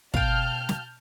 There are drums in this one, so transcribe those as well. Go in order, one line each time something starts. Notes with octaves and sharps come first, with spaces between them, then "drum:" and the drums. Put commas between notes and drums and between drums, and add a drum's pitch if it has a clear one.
B2 F5 G5 A5 F6 G6, drum: kick
drum: snare